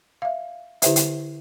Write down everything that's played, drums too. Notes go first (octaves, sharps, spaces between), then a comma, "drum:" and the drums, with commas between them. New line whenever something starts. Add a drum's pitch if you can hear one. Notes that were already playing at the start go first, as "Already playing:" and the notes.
E5 F5
D3 E4 G4 B4 C5 E5, drum: hi-hat
drum: hi-hat